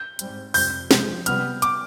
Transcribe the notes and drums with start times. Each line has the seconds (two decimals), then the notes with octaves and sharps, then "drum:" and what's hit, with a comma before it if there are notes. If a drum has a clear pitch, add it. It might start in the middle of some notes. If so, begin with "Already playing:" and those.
Already playing: G6
0.19 G#2 G3 C4, drum: hi-hat
0.54 F2 C3 G3 C4 G6, drum: open hi-hat
0.91 C3 F3 G#3, drum: snare
1.26 C3 G3 B3 F6, drum: hi-hat
1.62 D6, drum: hi-hat